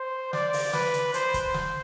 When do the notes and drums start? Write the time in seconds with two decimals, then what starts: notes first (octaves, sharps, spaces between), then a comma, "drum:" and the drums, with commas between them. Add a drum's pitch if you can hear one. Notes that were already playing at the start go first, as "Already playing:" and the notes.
Already playing: C5
0.33 D5, drum: snare
0.53 drum: open hi-hat
0.73 B4, drum: snare
0.94 drum: hi-hat
1.14 C5, drum: hi-hat
1.34 drum: kick, hi-hat
1.54 drum: snare